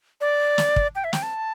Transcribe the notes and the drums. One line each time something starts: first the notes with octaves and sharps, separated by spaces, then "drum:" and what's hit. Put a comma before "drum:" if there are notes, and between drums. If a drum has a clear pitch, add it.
D5
drum: snare
drum: kick
G5
E5
G5, drum: snare
A5